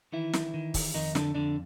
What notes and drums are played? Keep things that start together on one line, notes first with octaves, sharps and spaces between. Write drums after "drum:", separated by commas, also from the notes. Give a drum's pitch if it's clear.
D#3 E3 E4
drum: snare
D#3
drum: kick, open hi-hat
F2 D#3 D#4
D3 D4, drum: snare
F2 D3 D4